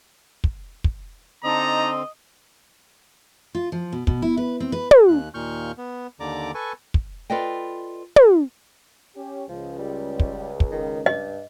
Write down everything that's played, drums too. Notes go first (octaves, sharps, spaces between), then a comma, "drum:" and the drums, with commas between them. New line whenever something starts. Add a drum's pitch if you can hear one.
drum: kick
drum: kick
D3 C4 D#4 D#5 A5 A#5 D6
F4
F3
B2
B2, drum: kick
E4
B4
C4
B4
drum: tom
D#2 F#6
D#2 A#2 C#6 F6 G6
B3
D#2 D3 D5 A#5 D6
A4 B4 G#5 C#6
drum: kick
F4 A4 B4 D5 D#5 G5
drum: tom
C#4 G4
C#2 F3
G3
drum: kick
drum: kick
D#3
G2 D#5